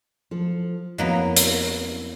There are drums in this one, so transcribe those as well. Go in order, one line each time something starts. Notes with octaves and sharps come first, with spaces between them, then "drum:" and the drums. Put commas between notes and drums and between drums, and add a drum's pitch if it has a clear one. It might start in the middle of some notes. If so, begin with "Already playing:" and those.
F3 A4
F2 F#3 A#3 B3 E4 D#5
drum: hi-hat